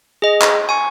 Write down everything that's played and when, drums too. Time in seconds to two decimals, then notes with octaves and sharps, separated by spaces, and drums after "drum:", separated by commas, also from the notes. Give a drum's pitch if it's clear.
0.22 G#4 D#5
0.42 drum: clap
0.69 G#5 C#6